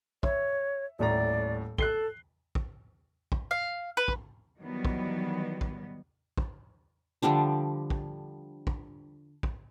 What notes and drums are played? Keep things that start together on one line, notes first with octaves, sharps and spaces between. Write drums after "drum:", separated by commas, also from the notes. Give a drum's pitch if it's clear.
C#5 E5, drum: kick
D#1 A2 D5 A#5
A4 F#6 C7 G7, drum: kick
drum: kick
drum: kick
F5
B4
drum: kick
D#3 E3 F#3 G3 B3
drum: kick
drum: kick
drum: kick
D3 F3 G3 D4
drum: kick
drum: kick
drum: kick